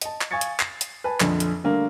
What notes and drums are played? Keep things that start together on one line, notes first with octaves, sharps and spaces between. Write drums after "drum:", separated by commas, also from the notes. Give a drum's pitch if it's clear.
D#5 A5, drum: hi-hat
drum: clap
F5 G#5 C#6 G#6 A6 C#7
drum: hi-hat
C7, drum: clap
drum: hi-hat
B4 G#5 A5
A#1 F2 D3, drum: clap
drum: hi-hat
D3 G3 A3 A#3 D4